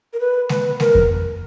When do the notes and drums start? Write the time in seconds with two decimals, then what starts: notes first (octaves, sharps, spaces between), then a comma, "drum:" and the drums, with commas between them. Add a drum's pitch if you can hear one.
0.13 A#4
0.20 B4
0.49 B4, drum: snare G#3
0.80 A#4, drum: snare G#3
0.95 drum: kick F2